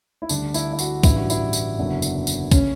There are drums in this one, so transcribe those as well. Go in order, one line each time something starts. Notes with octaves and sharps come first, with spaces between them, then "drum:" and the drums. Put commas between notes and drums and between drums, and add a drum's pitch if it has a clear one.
E4
D2 D3 G3 D4, drum: tambourine
E4, drum: tambourine
E4
F#4, drum: tambourine
A1 G2 E3 G3 E4, drum: kick, tambourine
F#4
E4, drum: tambourine
drum: tambourine
F#1 E2 D3 F#3
drum: tambourine
drum: tambourine
C#3 C#4, drum: kick, tambourine